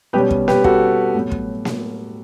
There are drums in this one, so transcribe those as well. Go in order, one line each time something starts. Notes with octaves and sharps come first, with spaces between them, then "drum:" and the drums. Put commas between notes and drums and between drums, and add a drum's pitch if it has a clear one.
B2 G3 C#4 G4 B4
drum: kick
G4 B4, drum: snare A#3
F#4 A4, drum: kick
A2 F#3 B3
drum: kick
drum: snare A#3